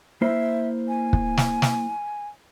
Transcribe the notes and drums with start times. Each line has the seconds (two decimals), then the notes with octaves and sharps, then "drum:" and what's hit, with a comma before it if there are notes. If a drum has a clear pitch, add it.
0.22 A#3 E4 C5 E5
0.88 G#5
1.13 drum: kick
1.37 drum: snare
1.62 drum: snare